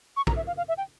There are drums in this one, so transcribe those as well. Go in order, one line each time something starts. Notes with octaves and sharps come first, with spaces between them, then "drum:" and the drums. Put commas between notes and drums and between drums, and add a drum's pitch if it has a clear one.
C#6
A#5, drum: kick
E5
F5
F5
E5
G5